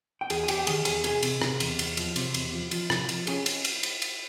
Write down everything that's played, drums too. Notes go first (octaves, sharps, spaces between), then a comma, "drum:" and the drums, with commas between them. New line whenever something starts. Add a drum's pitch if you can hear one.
G5
E2 G#4 G#5, drum: cymbal
G#5
E2 G4 G5, drum: cymbal
G5
D#3 G#4 G#5, drum: cymbal
E2 G#4 G#5, drum: cymbal
C3 G#4 G#5, drum: cymbal
C3, drum: cymbal
C3, drum: rim click
E2, drum: cymbal
E2, drum: cymbal
F3, drum: cymbal
C3, drum: cymbal
E2, drum: cymbal
F3
F3, drum: cymbal
C3, drum: rim click
F3, drum: cymbal
C#4 G#4 G#5, drum: cymbal
drum: cymbal
drum: cymbal
drum: cymbal
drum: cymbal